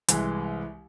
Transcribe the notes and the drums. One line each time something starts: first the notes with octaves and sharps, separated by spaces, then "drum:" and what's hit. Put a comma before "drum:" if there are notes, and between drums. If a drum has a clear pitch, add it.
C2 E3 G#3, drum: hi-hat